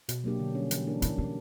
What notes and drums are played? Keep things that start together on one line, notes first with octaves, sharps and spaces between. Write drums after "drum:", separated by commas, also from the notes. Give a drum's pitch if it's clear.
B2, drum: hi-hat
F#3 A#3 D4 G4
D3
G3 C#4
E3, drum: hi-hat
A#3 D4 A#4
A#3 E4, drum: hi-hat
C#4 D4 G4